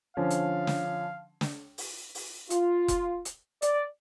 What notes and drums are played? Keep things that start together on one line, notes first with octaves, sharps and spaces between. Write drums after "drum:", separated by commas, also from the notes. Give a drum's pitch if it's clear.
D3 F3 C#4 F5
drum: hi-hat
drum: snare
drum: snare
drum: open hi-hat
drum: open hi-hat
F4, drum: hi-hat
drum: kick F1, hi-hat
drum: hi-hat
D5, drum: hi-hat